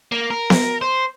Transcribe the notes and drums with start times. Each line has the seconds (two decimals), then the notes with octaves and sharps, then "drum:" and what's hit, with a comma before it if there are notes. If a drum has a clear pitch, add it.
0.12 A#3
0.31 A#4
0.50 drum: snare B3
0.81 C5